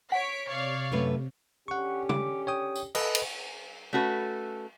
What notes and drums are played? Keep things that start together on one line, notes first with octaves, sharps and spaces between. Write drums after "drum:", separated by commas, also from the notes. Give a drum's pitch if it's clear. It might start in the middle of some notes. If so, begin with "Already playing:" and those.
C#5 F#5 B6 D7
C3 C#5 D5 F5
F#2 A3 B4
D3 C#4 G4 F#5 C#6
D6, drum: tom
C#5 G5 D#6
drum: tambourine
A4 B4 D#5, drum: cymbal
drum: cymbal
A3 C#4 F#4 A4 B4